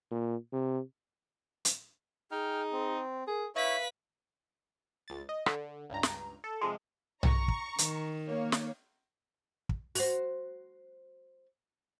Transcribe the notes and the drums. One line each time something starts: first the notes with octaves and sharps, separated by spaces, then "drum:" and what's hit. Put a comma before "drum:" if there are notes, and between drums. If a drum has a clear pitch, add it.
A#2
C3
drum: hi-hat
D#4 G#4 G5 F6
C4
G#4 A#4
E4 B4 C#5 E5 F5 B6
C#2 A6
D#5
D3, drum: rim click
C#2 G2 A#5
drum: snare
A4
C3 F3 G#3
A#5 C#6, drum: tom B1
drum: kick
D#3, drum: hi-hat
A#3 C#5
drum: snare
drum: kick
F#4 C5, drum: open hi-hat